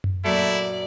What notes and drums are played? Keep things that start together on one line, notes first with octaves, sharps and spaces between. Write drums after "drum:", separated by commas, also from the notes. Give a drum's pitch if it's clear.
drum: tom F#2
F#2 A#2 A3 E4 D5 B5